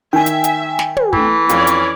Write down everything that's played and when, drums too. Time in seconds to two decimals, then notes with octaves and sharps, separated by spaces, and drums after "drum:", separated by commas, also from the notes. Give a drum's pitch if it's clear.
0.13 D#3 E5 G5 G#5
0.26 drum: hi-hat
0.44 drum: hi-hat
0.79 drum: snare
0.97 drum: tom
1.13 E3 A3, drum: kick
1.49 F2 C#4 C#5 D5, drum: hi-hat
1.67 drum: hi-hat